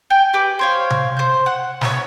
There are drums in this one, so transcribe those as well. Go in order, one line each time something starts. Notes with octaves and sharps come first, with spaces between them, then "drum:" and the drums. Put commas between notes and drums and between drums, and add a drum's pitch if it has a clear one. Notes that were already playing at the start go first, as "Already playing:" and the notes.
G5 G#5
G4 B4 D6
C5 C#5 F5
drum: tom C3
C5 G6
F#5
B3 C#5, drum: snare